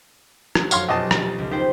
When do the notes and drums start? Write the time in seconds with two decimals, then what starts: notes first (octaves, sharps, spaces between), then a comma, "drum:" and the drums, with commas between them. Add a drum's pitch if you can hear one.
0.55 F#4, drum: rim click
0.71 F1 F#2 C#5 F5 C6, drum: tambourine
0.89 C#2 B2 F4 G4 D#5 A5
1.11 drum: rim click
1.20 A6
1.38 F1 C#2
1.51 D#3 B4 C5 G5